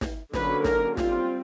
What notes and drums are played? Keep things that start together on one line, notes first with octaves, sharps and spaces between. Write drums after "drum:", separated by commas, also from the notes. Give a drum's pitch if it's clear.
drum: snare
D3 F#3 A#3 C#4 B4, drum: snare
A#4, drum: snare
G3 C4 F4, drum: snare